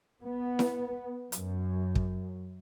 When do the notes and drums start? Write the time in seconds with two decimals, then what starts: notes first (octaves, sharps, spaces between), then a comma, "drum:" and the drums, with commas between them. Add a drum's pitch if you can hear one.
0.23 B3
0.59 drum: snare E4
1.32 F#2, drum: hi-hat
1.95 drum: kick